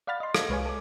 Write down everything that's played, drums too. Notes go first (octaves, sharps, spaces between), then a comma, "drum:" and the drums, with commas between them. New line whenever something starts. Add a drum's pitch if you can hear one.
D5 F5 F#5 B5 F6 A6
D#5 C6
F5 A5 G#6 A#6 B6 D7, drum: rim click
C2 G#3 B4 C#5 F5 G#5
A4 D6